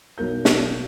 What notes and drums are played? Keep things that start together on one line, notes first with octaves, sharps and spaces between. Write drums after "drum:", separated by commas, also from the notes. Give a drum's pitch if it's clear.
B1 B2 A#4 G6
drum: snare